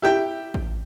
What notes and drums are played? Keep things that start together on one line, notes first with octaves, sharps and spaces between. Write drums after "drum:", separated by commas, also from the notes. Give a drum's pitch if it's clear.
E4 G4 G5
drum: kick A1